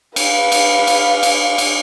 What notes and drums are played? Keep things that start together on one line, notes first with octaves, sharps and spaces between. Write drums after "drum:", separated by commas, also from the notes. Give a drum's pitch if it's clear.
B4 F5, drum: cymbal
drum: cymbal
drum: cymbal
drum: cymbal
drum: cymbal